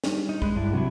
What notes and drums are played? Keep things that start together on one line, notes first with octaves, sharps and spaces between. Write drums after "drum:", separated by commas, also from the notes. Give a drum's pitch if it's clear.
G3 D4 D#4, drum: snare
D#4
G#3 B5 F#6, drum: kick
G2 D4 E4
C3 F#3 E4 F#4